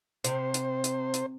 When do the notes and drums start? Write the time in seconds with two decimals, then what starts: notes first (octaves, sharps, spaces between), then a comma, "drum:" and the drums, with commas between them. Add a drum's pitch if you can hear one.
0.24 C3 C5, drum: hi-hat
0.54 drum: hi-hat
0.84 drum: hi-hat
1.14 drum: hi-hat